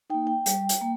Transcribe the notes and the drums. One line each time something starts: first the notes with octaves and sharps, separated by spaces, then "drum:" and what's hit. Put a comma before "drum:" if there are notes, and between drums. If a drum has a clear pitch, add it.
A#3 D#4 G5
G5
G3, drum: hi-hat
drum: hi-hat
A#3